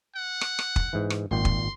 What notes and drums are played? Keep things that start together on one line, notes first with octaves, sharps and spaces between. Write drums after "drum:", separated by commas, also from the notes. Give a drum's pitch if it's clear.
F#5
drum: rim click
drum: rim click
drum: kick
G#2 E3
drum: rim click
G#1 A#2 G5 C6
drum: kick